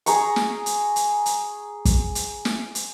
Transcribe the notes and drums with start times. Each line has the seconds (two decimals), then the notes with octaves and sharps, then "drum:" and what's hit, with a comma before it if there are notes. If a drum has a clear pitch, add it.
0.06 G#4 A#5 C#6, drum: hi-hat
0.36 drum: snare
0.66 drum: hi-hat
0.96 drum: hi-hat
1.26 drum: hi-hat
1.85 drum: kick, hi-hat
2.15 drum: hi-hat
2.45 drum: snare
2.75 drum: hi-hat